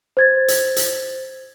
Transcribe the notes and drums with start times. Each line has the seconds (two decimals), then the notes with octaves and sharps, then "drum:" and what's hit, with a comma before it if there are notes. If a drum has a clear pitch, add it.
0.17 C5 G#6 A6
0.48 drum: hi-hat
0.76 drum: hi-hat